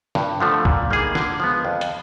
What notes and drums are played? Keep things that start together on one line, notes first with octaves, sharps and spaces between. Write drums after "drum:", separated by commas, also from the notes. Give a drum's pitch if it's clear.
G2, drum: snare
D3 F3 A3
A#2, drum: kick C2
G3 A#3 D#4 G#4
D3, drum: snare
F3 G#3 B3
F2
drum: hi-hat